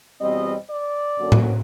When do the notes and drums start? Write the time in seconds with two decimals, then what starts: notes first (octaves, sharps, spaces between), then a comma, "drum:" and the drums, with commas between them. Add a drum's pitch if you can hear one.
0.21 E2 B2 G3 C4 D#5
0.69 D5
1.17 F#2 D3 F#3 A#3 C#4
1.32 drum: tom A2